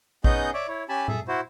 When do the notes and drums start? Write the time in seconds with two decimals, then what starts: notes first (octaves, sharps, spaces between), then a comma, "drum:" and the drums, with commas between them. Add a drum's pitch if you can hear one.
0.24 B3 C#4 D#4 G#4 D#5 G6, drum: kick A1
0.54 C#5 D5 E5 D6
0.68 E4 C#5
0.89 C#4 G4 G#5 A5 B5
1.08 G#4 A4 E5, drum: tom A2
1.28 E4 F#4 C5